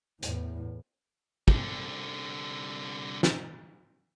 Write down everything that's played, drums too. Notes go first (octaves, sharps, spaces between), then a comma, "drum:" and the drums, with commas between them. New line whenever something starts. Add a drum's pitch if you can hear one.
E2 A2, drum: hi-hat
C2 D3, drum: kick
drum: snare